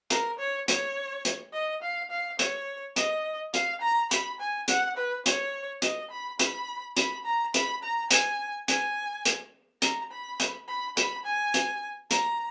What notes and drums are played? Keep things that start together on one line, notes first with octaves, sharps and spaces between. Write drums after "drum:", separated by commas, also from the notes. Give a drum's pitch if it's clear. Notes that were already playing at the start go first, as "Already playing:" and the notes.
A#4, drum: hi-hat
C#5
C#5, drum: hi-hat
drum: hi-hat
D#5
F5
F5
C#5, drum: hi-hat
D#5, drum: hi-hat
F5, drum: hi-hat
A#5
B5, drum: hi-hat
G#5
F#5, drum: hi-hat
B4
C#5, drum: hi-hat
D#5, drum: hi-hat
B5
B5, drum: hi-hat
B5, drum: hi-hat
A#5
B5, drum: hi-hat
A#5
G#5, drum: hi-hat
G#5, drum: hi-hat
drum: hi-hat
A#5, drum: hi-hat
B5
drum: hi-hat
B5
B5, drum: hi-hat
G#5
drum: hi-hat
A#5, drum: hi-hat